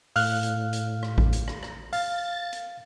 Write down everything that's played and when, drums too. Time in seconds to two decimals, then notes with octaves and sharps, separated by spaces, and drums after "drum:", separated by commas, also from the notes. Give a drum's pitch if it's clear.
0.16 A2 F5 F6 F#6, drum: open hi-hat
0.43 drum: hi-hat
0.73 drum: hi-hat
1.03 drum: rim click
1.18 drum: kick A1
1.33 drum: hi-hat
1.48 drum: rim click
1.63 drum: rim click
1.93 F5 A6, drum: open hi-hat
2.53 drum: hi-hat